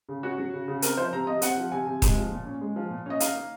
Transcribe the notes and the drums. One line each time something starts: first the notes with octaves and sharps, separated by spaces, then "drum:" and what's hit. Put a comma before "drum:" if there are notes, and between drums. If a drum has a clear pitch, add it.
C#3
C#4 F#4
F#3
C#3
C#3
C4 A#4, drum: hi-hat
F3 C5
C3 A#5
C3 D#5
C4 F#5, drum: hi-hat
F3
C3 G#5
C3
G#3, drum: kick D#1, hi-hat
F3
A#2
C#4
G#3
F3
A#2
C#4 D#5
D#4 F5, drum: hi-hat
A#3